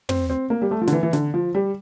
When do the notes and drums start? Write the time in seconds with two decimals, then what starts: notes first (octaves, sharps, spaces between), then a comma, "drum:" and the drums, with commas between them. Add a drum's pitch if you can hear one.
0.09 C4, drum: tom
0.30 C4
0.50 A#3
0.62 G3
0.71 A3
0.81 F3
0.87 D3, drum: snare
0.92 E3
1.03 E3
1.13 D3, drum: snare
1.34 F3
1.55 G3